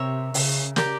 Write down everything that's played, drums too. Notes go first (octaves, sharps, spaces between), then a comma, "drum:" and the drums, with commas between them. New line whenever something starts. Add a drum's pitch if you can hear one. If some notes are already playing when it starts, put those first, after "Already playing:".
Already playing: C3 A#4 C#5 E5
C#3, drum: open hi-hat
G4 A#4 D5 G5, drum: snare